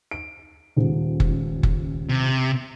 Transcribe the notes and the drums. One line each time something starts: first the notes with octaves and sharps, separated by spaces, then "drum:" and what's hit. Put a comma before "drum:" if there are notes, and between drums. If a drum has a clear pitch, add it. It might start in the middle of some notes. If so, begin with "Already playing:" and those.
D7
D#1 C#2
drum: kick F#1
drum: kick F#1
C3